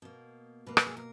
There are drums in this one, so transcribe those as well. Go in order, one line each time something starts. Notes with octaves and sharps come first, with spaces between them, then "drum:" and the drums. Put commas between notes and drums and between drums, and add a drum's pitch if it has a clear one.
B2 A#3
B2 A#3 B4
A#4, drum: rim click
G#4
A#4